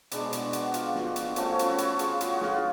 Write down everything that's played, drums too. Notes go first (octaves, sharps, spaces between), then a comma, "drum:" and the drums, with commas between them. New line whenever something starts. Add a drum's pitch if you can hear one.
B2 G#3 D4 B4 D5, drum: hi-hat
F#4, drum: hi-hat
F#4, drum: hi-hat
F4, drum: hi-hat
drum: snare
F#4
drum: hi-hat
F3 A3 C#4 F#4, drum: hi-hat
C#5
B4, drum: hi-hat
F#4 A4
drum: hi-hat
F4 G#4, drum: hi-hat
F#4, drum: hi-hat
F#4
F4 G#4, drum: snare